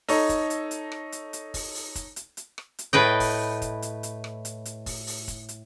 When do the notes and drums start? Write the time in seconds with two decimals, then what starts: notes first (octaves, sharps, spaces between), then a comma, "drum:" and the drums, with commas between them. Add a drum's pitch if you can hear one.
0.09 D#4 A4 C#5, drum: open hi-hat
0.29 drum: kick, hi-hat
0.50 drum: hi-hat
0.71 drum: hi-hat
0.92 drum: rim click
1.12 drum: hi-hat
1.33 drum: hi-hat
1.54 drum: kick, open hi-hat
1.75 drum: open hi-hat
1.95 drum: kick, hi-hat
2.16 drum: hi-hat
2.37 drum: hi-hat
2.58 drum: rim click
2.79 drum: hi-hat
2.93 A2 B4 D#5 G5
3.20 drum: kick, open hi-hat
3.62 drum: kick, hi-hat
3.82 drum: hi-hat
4.03 drum: hi-hat
4.24 drum: rim click
4.45 drum: hi-hat
4.65 drum: hi-hat
4.86 drum: kick, open hi-hat
5.07 drum: open hi-hat
5.28 drum: kick, hi-hat
5.49 drum: hi-hat